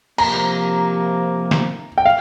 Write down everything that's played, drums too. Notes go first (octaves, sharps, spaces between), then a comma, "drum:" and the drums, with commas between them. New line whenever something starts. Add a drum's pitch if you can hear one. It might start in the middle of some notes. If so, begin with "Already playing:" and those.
C3 F3 A#3 A#5, drum: cymbal
drum: snare
G5
F5